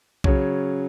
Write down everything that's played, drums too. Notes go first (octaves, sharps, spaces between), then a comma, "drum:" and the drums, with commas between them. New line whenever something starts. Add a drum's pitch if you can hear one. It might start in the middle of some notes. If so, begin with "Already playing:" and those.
C#3 F#3 C#4 C#5, drum: kick B1